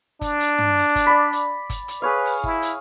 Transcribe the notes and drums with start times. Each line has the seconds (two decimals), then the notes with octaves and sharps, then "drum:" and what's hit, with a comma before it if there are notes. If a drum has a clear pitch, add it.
0.21 D4, drum: kick G1, hi-hat
0.40 drum: hi-hat
0.58 drum: tom
0.77 drum: open hi-hat
0.95 drum: kick G1, hi-hat
1.06 D5 B5
1.33 drum: hi-hat
1.70 drum: kick G1, hi-hat
1.88 drum: hi-hat
2.02 G#4 B4 C#5 F5
2.25 drum: open hi-hat
2.44 E4, drum: kick G1
2.62 drum: hi-hat